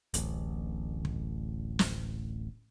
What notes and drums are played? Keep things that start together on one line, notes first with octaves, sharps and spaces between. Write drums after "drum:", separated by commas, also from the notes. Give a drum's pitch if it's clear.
D1 A1, drum: hi-hat
drum: kick
drum: snare